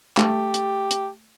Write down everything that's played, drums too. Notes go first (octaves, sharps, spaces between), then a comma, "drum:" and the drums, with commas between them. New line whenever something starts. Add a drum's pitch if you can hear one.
A3 G4, drum: clap
drum: hi-hat
drum: hi-hat